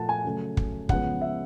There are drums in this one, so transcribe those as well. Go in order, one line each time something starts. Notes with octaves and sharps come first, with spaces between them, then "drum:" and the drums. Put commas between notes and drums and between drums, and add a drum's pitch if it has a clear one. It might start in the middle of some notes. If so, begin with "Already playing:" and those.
Already playing: A#2 F3 A3 F#5 A5
G#5
C#3 F#3 A3
drum: kick
C#3 F3 G#3 B3 F#5, drum: kick
E5